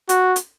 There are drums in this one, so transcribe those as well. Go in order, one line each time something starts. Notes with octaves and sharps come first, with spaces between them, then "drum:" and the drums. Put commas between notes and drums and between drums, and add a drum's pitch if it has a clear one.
F#4, drum: hi-hat
drum: hi-hat